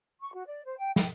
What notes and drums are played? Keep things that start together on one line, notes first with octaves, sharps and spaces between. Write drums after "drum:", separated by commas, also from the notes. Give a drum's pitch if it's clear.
C#6
F#4
D5
C5
G5
G5, drum: snare